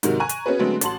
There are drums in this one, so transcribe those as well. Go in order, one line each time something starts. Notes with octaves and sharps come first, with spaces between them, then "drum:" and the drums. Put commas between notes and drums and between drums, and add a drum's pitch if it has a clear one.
G#2 C3 D#3 F#3, drum: hi-hat
G#5 A#5 C#6 F#6
drum: hi-hat
B3 C#4 F#4 G#4 B4
D3 F#3 G#3 A3 B3 C4
A1 F#4 A5 C6 F#7, drum: hi-hat